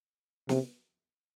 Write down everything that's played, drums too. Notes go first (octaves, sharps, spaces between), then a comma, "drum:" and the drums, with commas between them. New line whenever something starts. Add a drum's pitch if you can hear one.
C3, drum: snare